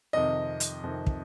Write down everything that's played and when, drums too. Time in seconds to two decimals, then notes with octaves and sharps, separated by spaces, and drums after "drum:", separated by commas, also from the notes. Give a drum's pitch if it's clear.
0.13 F2 C3 D#3 D#5
0.60 drum: hi-hat
0.83 F2 C3 D#3
1.07 drum: kick